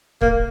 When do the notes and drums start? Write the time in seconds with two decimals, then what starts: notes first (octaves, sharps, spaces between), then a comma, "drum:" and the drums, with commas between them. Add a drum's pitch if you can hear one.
0.21 A#3, drum: kick